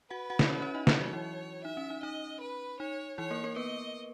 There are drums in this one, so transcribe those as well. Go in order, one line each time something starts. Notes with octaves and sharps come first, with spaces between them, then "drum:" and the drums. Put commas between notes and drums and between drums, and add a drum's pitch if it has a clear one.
F#4 B4 F#5
F#4 F#5
E4 E5, drum: snare
C#4 C#5
C#4 C#5
D#4 D#5
E4 C#5 E5, drum: snare
F#3 F#4
E3 E4
D#4 E5
C#4
D#4
D#4 D#5
B4
D#4 C#5
E3 E4 C#5
A#3 A#4
A#3 A#4
B3 B4 D#5